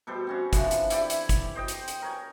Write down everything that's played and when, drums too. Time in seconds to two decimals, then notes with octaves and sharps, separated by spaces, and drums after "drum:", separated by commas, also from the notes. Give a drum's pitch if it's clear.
0.07 B2 G3 A4 C5
0.27 C4 C#4 F#4
0.53 D3 E3 F3, drum: kick G1, hi-hat
0.71 drum: hi-hat
0.90 E4 G4 D5, drum: hi-hat
1.10 drum: hi-hat
1.29 drum: kick G1, hi-hat
1.55 C5 D#5 G5
1.68 drum: hi-hat
1.88 drum: hi-hat
2.02 A#4 C#5 G#5